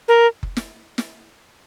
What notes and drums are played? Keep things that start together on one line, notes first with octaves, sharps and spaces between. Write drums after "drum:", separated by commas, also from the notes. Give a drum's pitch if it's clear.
A#4
drum: kick F#1
drum: snare
drum: snare